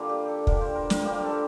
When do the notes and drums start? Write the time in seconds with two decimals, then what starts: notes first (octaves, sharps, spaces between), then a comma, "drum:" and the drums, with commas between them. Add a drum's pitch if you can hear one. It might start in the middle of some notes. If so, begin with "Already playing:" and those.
Already playing: D3 G3 A#3 F4
0.09 G4
0.28 A4
0.47 D3 G3 A#3 A#4, drum: kick
0.61 C5
0.75 A#4
0.90 A#4, drum: snare
1.05 D3 G3 A#3 G4
1.23 A4